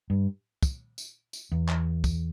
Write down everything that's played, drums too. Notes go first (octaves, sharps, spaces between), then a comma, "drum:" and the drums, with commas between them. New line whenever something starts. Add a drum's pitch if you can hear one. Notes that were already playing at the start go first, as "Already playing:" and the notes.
G2
drum: kick, tambourine
drum: tambourine
drum: tambourine
E2
drum: clap
drum: kick, tambourine